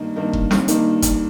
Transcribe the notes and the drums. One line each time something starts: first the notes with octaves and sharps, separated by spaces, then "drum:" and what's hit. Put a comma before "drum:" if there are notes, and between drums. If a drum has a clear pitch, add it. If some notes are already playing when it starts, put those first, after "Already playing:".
Already playing: G2 D#3 A#3 D#4
G2 D#3 A#3 D#4
drum: kick F1
drum: snare
G2 D#3 A#3 D#4, drum: hi-hat
drum: kick F1, hi-hat